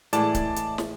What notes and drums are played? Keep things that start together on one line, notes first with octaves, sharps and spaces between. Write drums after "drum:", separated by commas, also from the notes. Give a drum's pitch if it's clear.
A2 E3 G#3 D5 A5, drum: hi-hat
drum: kick C#1, hi-hat
drum: hi-hat
drum: snare